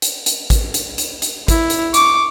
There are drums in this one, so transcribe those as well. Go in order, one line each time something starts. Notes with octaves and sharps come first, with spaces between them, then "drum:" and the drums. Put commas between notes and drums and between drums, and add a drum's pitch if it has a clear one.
drum: hi-hat
drum: hi-hat
drum: kick, hi-hat
drum: hi-hat
drum: hi-hat
drum: hi-hat
E4, drum: kick, hi-hat
drum: hi-hat
C#6 D6, drum: hi-hat